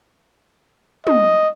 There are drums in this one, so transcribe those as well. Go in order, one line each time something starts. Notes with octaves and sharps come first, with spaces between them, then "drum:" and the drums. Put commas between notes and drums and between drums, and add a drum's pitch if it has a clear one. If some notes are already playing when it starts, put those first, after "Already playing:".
D#5, drum: tom